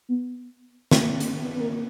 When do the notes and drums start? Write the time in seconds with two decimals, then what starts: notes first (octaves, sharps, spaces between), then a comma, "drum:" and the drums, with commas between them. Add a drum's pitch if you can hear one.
0.09 B3
0.91 A3, drum: snare
1.00 A#3
1.20 A#3, drum: hi-hat
1.41 B3
1.53 B3
1.61 A#3
1.72 A#3